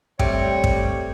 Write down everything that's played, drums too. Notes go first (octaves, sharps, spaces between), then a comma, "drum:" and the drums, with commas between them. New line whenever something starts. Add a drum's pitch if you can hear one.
G3 A3 C4 C#5 G5, drum: kick
drum: kick